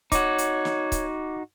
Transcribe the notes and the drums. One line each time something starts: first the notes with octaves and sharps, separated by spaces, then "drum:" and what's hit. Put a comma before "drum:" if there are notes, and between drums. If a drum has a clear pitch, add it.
D#4 F#4 C#5 D6, drum: kick C#1, hi-hat
drum: hi-hat
drum: snare
drum: kick C#1, hi-hat